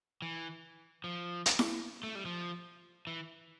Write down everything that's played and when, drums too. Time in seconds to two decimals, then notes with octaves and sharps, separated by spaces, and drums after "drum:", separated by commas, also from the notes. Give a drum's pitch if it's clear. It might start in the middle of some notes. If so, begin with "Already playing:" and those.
0.22 E3
1.04 F3
1.46 drum: hi-hat
1.59 drum: snare E4
2.03 A3
2.15 G3
2.26 F3
3.07 E3